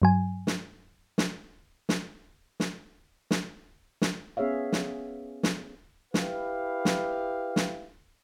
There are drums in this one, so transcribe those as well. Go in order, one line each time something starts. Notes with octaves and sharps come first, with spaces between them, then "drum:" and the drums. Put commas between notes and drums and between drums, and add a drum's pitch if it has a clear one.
G2 F#3 G#5
drum: snare
drum: snare
drum: snare
drum: snare
drum: snare
drum: snare
B3 C#4 G#4 C#5 E5 F5
drum: snare
drum: snare
E4 G4 B4 F5, drum: snare
drum: snare
drum: snare